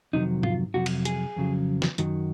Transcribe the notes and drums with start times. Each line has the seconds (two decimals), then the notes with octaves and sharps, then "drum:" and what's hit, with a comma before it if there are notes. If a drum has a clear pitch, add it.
0.13 F2 C3 D#3 F#3 D#4
0.43 F4, drum: tom G#2
0.74 F2 C3 F#3 F#4
0.86 drum: cymbal
1.05 G#4, drum: hi-hat
1.36 F2 C#3 F#3
1.82 drum: snare
1.98 F#2 D#3 F#3, drum: hi-hat